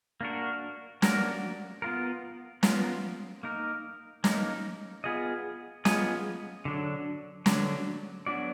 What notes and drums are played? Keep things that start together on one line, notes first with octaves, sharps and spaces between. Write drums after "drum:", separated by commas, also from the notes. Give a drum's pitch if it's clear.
A#3 D4 F#4 A#4
A#3 D4 F#4 A#4, drum: snare
B3 F4 A#4
B3 F4 A#4, drum: snare
A#3 D#4 A#4
A#3 D#4 A#4, drum: snare
B3 F4 G#4 D#5
B3 F4 G#4 D#5, drum: snare
D3 F#3 D4
D3 F#3 D4, drum: snare
F#3 B3 D4 F#4 D5